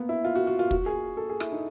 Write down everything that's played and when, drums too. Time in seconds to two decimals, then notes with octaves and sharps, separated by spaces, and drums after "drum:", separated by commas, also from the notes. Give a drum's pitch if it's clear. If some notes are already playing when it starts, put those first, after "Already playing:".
Already playing: A#3 B3
0.09 E4
0.24 F4
0.35 F#4
0.47 F#4
0.59 F4
0.71 F#4, drum: kick
0.86 G#4
1.17 A4
1.29 G#4
1.40 E4, drum: rim click
1.52 D#4